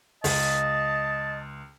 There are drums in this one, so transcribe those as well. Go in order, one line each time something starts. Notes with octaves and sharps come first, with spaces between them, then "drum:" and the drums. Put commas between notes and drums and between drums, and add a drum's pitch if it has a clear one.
C#2 D#5 A5, drum: open hi-hat